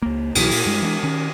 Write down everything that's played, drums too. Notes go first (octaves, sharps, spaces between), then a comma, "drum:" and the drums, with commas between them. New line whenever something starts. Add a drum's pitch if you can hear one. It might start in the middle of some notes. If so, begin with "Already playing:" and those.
C#2 A#3
C2 B2 E3 F#3, drum: cymbal
A#2, drum: open hi-hat
G2 G#3
E3 G#3 B3 D4
D#3 C#4